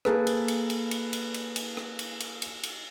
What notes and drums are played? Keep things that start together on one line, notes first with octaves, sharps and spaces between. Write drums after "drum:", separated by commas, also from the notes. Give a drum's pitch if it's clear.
A#3 G#4 A4 B4, drum: rim click
drum: cymbal
drum: cymbal
drum: cymbal
drum: cymbal
drum: cymbal
drum: cymbal
drum: cymbal
drum: rim click
drum: cymbal
drum: cymbal
drum: cymbal
drum: cymbal